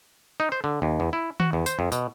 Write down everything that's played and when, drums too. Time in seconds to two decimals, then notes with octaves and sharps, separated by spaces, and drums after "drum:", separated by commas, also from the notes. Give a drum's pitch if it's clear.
0.40 D#4
0.52 C5
0.64 D3
0.82 D#2
1.00 E2
1.13 E4
1.40 F#4, drum: tom D#3
1.53 E2
1.66 C5, drum: tambourine
1.79 F2
1.92 B2, drum: tambourine